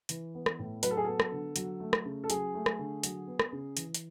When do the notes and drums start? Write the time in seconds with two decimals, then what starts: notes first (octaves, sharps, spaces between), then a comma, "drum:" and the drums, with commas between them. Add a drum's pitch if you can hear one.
0.09 E3, drum: hi-hat
0.35 B3
0.46 drum: rim click
0.59 A2
0.83 F#3 B4, drum: hi-hat
0.91 A4
0.97 G#4
1.04 B3 A4
1.20 drum: rim click
1.32 D3
1.56 F#3, drum: hi-hat
1.80 A3
1.93 drum: rim click
2.05 C#3
2.24 A4
2.30 F#3 G#4, drum: hi-hat
2.54 A3
2.66 drum: rim click
2.79 D3
3.03 F#3, drum: hi-hat
3.27 B3
3.40 drum: rim click
3.52 C#3
3.77 E3, drum: hi-hat
3.94 drum: hi-hat